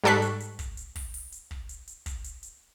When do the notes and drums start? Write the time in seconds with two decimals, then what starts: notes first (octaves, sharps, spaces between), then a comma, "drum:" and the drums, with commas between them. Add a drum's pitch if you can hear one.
0.04 G#2 G3 A4 C#6 F#6 B6
0.22 drum: hi-hat
0.40 drum: hi-hat
0.59 drum: kick, hi-hat
0.77 drum: hi-hat
0.96 drum: kick, open hi-hat
1.14 drum: open hi-hat
1.32 drum: hi-hat
1.51 drum: kick
1.69 drum: hi-hat
1.88 drum: hi-hat
2.06 drum: kick, hi-hat
2.24 drum: hi-hat
2.43 drum: hi-hat